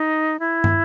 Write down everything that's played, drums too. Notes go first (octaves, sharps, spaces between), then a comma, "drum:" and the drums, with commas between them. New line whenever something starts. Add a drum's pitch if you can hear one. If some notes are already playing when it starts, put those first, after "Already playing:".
Already playing: D#4
E4
drum: tom